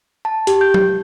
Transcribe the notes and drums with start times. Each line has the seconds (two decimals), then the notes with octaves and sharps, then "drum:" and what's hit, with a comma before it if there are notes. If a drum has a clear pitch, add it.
0.25 A5
0.47 G4, drum: hi-hat
0.61 G6
0.74 drum: tom F#3